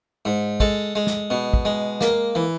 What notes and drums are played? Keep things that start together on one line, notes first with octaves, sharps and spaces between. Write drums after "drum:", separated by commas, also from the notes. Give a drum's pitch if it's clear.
G#2
G#3 A4, drum: kick
G#3
drum: snare
B2
drum: kick
G#3
A#3, drum: snare
E3